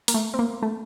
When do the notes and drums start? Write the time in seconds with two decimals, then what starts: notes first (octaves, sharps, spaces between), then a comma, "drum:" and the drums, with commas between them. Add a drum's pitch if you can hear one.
0.08 A#3, drum: open hi-hat
0.14 A3
0.34 C4
0.39 A#3
0.63 A3